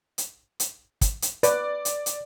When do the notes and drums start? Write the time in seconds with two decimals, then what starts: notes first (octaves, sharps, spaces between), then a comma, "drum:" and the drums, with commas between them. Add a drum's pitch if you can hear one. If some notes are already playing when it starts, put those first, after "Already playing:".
0.18 drum: hi-hat
0.60 drum: hi-hat
1.01 drum: kick, hi-hat
1.22 drum: hi-hat
1.43 B4 D5, drum: hi-hat
1.85 drum: hi-hat
2.06 drum: hi-hat